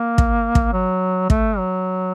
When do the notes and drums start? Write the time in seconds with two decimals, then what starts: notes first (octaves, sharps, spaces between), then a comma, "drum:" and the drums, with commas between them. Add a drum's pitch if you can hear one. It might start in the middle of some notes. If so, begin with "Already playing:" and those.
Already playing: A#3
0.18 drum: kick
0.55 drum: kick
0.73 F#3
1.30 A3, drum: kick
1.58 F#3